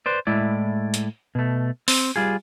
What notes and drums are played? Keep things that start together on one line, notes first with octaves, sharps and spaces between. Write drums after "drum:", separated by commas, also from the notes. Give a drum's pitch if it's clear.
B4 C5 D5
A2 G#3 E4 D5
drum: hi-hat
B2 A3
C4, drum: open hi-hat
G3 F4 G#4